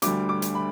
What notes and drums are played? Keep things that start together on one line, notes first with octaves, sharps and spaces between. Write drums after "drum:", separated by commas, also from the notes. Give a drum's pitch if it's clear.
D2 D3 G3 D6, drum: hi-hat
D6
drum: hi-hat
B5